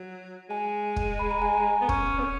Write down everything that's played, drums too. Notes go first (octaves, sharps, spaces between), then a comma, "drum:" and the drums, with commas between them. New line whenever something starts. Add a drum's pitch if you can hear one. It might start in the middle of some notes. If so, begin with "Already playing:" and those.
Already playing: F#3
G#3 G#5
drum: kick
B5
A#5
G#5
A#5
B3
C#4 C#6, drum: kick
B3
C#4